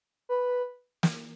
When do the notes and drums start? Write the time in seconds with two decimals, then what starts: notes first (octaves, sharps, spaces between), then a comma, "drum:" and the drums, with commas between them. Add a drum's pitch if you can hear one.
0.29 B4
1.03 drum: snare